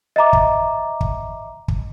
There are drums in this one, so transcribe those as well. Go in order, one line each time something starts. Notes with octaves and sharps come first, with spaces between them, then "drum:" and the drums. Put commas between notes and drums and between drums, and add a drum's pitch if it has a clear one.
D#5 E5 A#5 D6
drum: kick
drum: kick
drum: kick